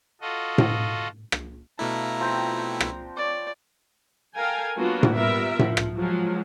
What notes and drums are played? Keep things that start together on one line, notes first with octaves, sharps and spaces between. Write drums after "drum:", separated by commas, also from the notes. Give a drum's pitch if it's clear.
F4 F#4 A4 D#5
drum: tom A2
drum: rim click
B2 A3 D4 E4 F5 A#5
F3 C4 G5
drum: rim click
C#5 D5 D6
A4 A#4 F5 G5 G#5
F#3 A#3 B3 D4 F4 F#4
drum: tom A2
G3 B3 F4 A#4 E5
F3, drum: tom A2
drum: rim click
F3 F#3 G#3